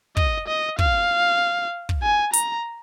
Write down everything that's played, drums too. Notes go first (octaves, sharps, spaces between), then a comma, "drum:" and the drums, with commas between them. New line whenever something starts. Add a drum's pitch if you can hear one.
D#5, drum: kick
D#5
F5, drum: kick
drum: kick
G#5
A#5, drum: hi-hat